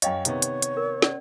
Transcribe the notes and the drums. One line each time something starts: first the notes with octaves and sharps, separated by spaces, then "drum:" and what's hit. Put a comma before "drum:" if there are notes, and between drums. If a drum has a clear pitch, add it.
F#2 C#5 D#5 F5 G5, drum: hi-hat
C3 D#3 B3 C#5, drum: hi-hat
drum: hi-hat
drum: hi-hat
A#4
C#4 D5, drum: snare